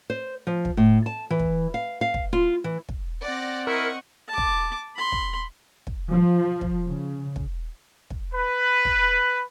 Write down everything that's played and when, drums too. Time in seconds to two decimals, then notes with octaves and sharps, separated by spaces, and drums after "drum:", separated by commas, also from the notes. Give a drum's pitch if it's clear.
0.10 C5
0.47 F3
0.65 drum: kick
0.77 A2
1.06 A5
1.30 E3
1.40 drum: kick
1.74 F5
2.01 F5
2.14 drum: kick
2.33 F4
2.64 E3
2.89 drum: kick
3.24 C4 D5 F#5 A#6
3.67 E4 A#4 D#5 C#6
4.28 A5 D6
4.38 drum: kick
4.96 B5 C6
5.12 drum: kick
5.87 drum: kick
6.12 F3
6.61 drum: kick
6.86 C#3
7.36 drum: kick
8.10 drum: kick
8.34 B4
8.85 drum: kick